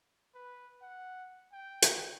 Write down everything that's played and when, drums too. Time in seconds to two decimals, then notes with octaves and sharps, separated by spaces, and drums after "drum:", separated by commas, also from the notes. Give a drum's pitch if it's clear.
0.35 B4
0.82 F#5
1.53 G5
1.82 drum: hi-hat